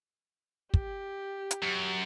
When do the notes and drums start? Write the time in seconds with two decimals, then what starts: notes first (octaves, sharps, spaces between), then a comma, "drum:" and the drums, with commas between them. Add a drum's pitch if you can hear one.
0.74 G4, drum: kick
1.51 drum: hi-hat
1.62 F#2